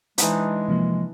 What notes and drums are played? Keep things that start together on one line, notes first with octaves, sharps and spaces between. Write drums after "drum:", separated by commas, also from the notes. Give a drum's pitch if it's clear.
E3 G#3 D4 D#4, drum: hi-hat
C3 F3 A#3